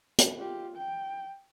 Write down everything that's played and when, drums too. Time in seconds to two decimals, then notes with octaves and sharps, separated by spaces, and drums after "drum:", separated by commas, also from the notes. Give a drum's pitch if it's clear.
0.18 drum: hi-hat
0.38 F4 G4
0.76 G5